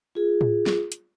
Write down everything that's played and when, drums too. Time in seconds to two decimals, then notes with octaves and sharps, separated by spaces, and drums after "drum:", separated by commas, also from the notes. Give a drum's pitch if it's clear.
0.15 F4 G#4
0.41 drum: tom A2
0.66 drum: snare
0.92 drum: hi-hat